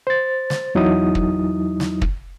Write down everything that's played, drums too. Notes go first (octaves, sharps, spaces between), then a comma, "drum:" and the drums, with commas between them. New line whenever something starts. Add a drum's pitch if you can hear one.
C5 A6
drum: snare
E2 F#3 D#4 E4 D#6
drum: kick
drum: snare
drum: kick